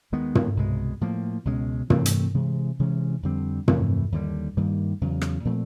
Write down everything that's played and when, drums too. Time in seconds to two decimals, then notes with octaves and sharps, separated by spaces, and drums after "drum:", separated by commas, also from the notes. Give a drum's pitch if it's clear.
0.12 D#2 D#3 G#3 B3
0.35 drum: tom
0.57 C2 B2 G#3
1.01 A2 F3 A#3
1.45 C#2 B2 G#3 C#4
1.90 C3 E3 A3 C4, drum: tom
2.06 drum: hi-hat
2.34 C3 E3 G#3
2.79 C3 E3 G#3 C#4
3.23 F2 D3 G3 C4
3.68 F2 C3 E3 A3, drum: tom
4.12 D#2 D3 G3
4.57 G2 D#3 G3 A#3
5.01 E2 C#3 F#3
5.21 drum: rim click
5.45 A#2 F3 A3 C4